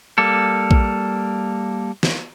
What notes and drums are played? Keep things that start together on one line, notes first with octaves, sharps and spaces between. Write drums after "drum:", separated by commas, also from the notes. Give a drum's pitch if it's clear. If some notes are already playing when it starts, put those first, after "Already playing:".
G3 A#3 A4
drum: kick A#1
drum: snare